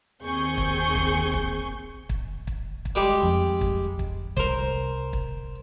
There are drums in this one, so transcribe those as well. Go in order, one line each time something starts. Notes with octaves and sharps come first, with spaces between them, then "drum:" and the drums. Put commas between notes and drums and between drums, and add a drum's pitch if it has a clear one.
D#2 C4 G#4 C#6 G6 C#7
drum: kick
drum: kick
drum: kick
drum: kick
drum: kick
drum: kick
G3 G#3 G4
F2
drum: kick
drum: kick
C2 A#4 C5, drum: kick
drum: kick